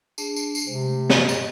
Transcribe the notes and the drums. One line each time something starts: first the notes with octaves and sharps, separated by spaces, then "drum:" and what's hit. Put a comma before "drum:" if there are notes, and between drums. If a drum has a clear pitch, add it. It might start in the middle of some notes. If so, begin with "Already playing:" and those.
D4 G#4 A5, drum: tambourine
drum: tambourine
drum: tambourine
C3 G#3 C5
A3 G4
D#5, drum: snare
drum: tambourine